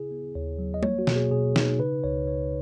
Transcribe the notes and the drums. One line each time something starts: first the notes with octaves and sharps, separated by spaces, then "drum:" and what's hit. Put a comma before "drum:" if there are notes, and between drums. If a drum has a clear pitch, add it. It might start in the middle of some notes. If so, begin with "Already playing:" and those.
Already playing: C#3 E4 G#4
B3
D#2 C#5
F#3
D#5
A#3 C#5, drum: tom G3
F#4
B2, drum: snare
G#4
B2 G#4
D#4, drum: snare
C#3 B4
C#2 C#5
C#2 C#5